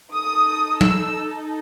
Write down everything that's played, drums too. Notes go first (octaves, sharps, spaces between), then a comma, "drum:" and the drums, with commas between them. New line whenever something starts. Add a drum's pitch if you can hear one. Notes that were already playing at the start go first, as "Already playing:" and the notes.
D#4 A4 D#6
E6, drum: tom